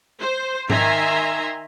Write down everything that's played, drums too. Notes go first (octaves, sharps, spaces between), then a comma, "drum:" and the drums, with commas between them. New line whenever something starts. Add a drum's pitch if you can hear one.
C5
D#3 E5 G#5 A#5 C6, drum: tom G#2